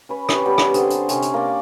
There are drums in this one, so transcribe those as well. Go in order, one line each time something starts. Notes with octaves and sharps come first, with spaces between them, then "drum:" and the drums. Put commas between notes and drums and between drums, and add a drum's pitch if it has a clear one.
C#4 B4
C#4 G4, drum: rim click
G3 B3 G4
drum: rim click
D3 C4 G#4 C5, drum: hi-hat
drum: hi-hat
C3 C#4, drum: hi-hat
drum: hi-hat
A#3 D5